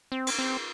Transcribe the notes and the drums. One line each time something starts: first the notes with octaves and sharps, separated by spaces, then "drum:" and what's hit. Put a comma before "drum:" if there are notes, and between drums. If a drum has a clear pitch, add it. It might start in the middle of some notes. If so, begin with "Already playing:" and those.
C4
drum: cymbal
C4